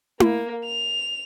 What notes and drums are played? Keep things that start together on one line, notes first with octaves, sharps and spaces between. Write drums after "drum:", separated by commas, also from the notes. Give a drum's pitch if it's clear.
A#3, drum: tom E4
F7